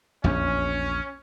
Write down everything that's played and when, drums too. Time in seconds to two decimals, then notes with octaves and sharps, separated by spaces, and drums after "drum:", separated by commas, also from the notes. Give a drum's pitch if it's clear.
0.24 A#1 E2 C#4, drum: tom F2